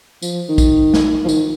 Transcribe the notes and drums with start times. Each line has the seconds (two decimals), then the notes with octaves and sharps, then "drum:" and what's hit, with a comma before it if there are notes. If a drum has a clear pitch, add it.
0.22 F3, drum: tambourine
0.49 D#3
0.58 drum: kick, tambourine
0.94 drum: snare
1.25 F3
1.29 D#3, drum: tambourine